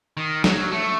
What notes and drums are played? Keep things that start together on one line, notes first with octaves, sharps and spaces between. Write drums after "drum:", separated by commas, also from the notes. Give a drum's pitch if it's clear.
D#3
F#3, drum: snare
A3